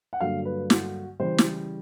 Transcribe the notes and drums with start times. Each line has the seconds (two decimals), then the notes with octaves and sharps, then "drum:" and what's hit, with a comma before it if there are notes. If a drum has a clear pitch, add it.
0.13 F#5
0.20 G2 D3 F#3 A#3 F5
0.45 B4
0.70 F#4, drum: snare
1.20 C#3 E3 G3 C5
1.38 drum: snare